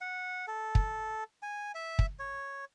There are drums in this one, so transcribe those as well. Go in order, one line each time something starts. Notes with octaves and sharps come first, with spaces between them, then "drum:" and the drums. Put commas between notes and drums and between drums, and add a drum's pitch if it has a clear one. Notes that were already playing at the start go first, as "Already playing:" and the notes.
F#5
A4
drum: kick
G#5
E5
drum: kick
C#5